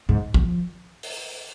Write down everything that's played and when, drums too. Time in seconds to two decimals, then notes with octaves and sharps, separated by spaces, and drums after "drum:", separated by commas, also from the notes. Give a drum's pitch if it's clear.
0.09 G#2
0.34 F3, drum: kick
1.03 drum: open hi-hat